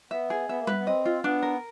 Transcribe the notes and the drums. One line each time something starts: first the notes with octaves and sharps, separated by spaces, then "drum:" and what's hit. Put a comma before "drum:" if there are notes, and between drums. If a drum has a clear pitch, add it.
B3 E5
G#4
B3 E5
A#3
B3 B4, drum: tom G3
B3
C4 D#5
F4
B3 D4
A#4